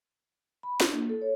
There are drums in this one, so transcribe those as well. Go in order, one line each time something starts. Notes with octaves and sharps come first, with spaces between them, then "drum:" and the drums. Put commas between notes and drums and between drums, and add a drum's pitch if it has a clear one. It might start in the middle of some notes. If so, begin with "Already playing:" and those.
B5
D4, drum: snare
A#3
A4
C#5